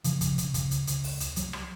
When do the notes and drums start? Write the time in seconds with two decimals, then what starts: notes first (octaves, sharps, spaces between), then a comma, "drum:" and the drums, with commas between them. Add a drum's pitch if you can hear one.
0.04 C#3 F3, drum: hi-hat
0.21 C#3, drum: kick, hi-hat
0.38 C#3, drum: hi-hat
0.54 C#3, drum: kick, hi-hat
0.71 C#2, drum: hi-hat
0.87 C#3, drum: hi-hat
1.04 C#2, drum: open hi-hat
1.20 C#2, drum: hi-hat
1.36 C2 F#3, drum: hi-hat
1.53 drum: rim click